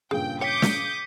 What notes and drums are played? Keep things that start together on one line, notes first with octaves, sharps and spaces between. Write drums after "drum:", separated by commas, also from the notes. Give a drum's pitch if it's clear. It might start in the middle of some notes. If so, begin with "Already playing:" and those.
G2 A#2 C#3 G#4 G5
C#5 G5 D6 D#6 G6 B6 C#7
drum: snare